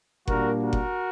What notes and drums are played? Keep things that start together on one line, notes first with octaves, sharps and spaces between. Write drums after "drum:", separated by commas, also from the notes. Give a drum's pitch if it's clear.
A#2 G3 A#3 D4 F#4 A#4, drum: kick F#1
F#4 A#4
drum: kick F#1